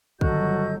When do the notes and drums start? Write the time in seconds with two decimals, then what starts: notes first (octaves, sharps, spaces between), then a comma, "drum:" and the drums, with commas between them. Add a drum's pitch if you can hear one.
0.21 G1 D3 D#3 F#3 F#4 A4 D#5 G6, drum: kick